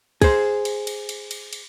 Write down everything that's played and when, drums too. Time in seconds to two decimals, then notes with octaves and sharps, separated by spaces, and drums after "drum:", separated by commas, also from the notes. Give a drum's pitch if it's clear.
0.22 G#4 C5, drum: kick, cymbal
0.65 drum: cymbal
0.87 drum: cymbal
1.09 drum: cymbal
1.31 drum: cymbal
1.53 drum: cymbal